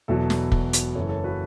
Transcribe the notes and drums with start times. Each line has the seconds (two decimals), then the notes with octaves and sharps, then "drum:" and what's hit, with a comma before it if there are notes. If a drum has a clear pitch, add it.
0.08 E1 E2 B2 F#3 E4 A4
0.30 drum: snare
0.52 drum: kick
0.73 drum: hi-hat
0.95 F#1 F#2 E3 A4 C#5
1.09 A4 C#5
1.24 F#4 B4